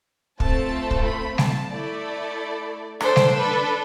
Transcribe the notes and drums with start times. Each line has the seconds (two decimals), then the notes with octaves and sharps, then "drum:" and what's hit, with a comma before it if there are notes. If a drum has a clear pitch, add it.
0.40 A3 C4 F4 A4 A5, drum: kick
0.91 drum: kick
1.05 B5
1.38 A5, drum: snare G3
1.71 A3 E4 A4 D5
3.01 D4 A4 C5, drum: rim click
3.16 drum: snare G3
3.34 B4